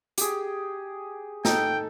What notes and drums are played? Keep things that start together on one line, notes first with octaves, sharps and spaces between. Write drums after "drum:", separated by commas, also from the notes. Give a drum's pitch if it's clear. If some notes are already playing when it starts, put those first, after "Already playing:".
G4 G#4, drum: hi-hat
D#4 A4 G5, drum: snare